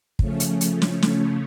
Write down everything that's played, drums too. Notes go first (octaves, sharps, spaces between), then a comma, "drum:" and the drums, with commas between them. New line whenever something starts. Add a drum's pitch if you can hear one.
C#3 F3 A3 C#4, drum: kick
drum: hi-hat
drum: hi-hat
drum: snare
drum: snare